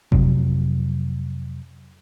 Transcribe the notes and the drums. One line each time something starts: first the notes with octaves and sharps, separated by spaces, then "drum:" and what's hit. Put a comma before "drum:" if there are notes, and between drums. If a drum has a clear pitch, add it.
F2 C3 F#3, drum: kick G#1